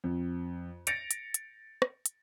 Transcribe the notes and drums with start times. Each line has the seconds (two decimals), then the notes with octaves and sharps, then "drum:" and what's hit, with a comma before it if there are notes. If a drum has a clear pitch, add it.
0.04 F2
0.87 A6 A#6 C#7 D7 F7, drum: hi-hat
1.11 drum: hi-hat
1.34 drum: hi-hat
1.82 drum: rim click
2.06 drum: hi-hat